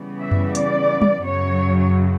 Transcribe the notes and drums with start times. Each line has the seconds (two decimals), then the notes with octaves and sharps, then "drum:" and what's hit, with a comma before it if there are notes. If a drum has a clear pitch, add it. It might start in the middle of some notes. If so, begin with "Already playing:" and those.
Already playing: C#3 E3 G3 B3
0.20 E5
0.31 drum: tom F#2
0.55 D5, drum: hi-hat
1.02 drum: tom
1.24 F#2 C#3 F#3 C#5